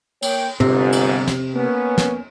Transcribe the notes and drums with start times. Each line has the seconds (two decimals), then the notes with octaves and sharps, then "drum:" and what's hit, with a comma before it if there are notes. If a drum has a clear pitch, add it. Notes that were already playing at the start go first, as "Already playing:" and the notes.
0.22 A#3 C#5 G5, drum: cymbal
0.60 G1 G#2 C3, drum: tom
0.92 drum: cymbal
1.27 drum: snare
1.54 A#3 B3 C#4
1.98 drum: snare